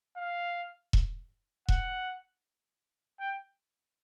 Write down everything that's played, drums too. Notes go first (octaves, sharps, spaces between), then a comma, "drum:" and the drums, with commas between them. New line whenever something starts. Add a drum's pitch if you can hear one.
F5
drum: kick E1
F#5, drum: kick E1
G5